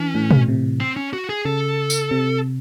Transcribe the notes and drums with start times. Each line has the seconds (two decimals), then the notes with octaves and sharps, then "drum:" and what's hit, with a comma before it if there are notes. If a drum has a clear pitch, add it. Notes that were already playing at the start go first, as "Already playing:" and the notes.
Already playing: E3 C#4
0.15 A2
0.31 A2, drum: tom
0.48 C3
0.80 C4
0.96 C#4
1.13 F#4
1.29 G#4
1.45 C#3 A4
1.90 drum: tambourine
2.11 C3